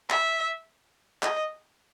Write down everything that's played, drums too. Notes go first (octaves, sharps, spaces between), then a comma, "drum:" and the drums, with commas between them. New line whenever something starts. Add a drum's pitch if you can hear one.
E5, drum: clap
D#5, drum: clap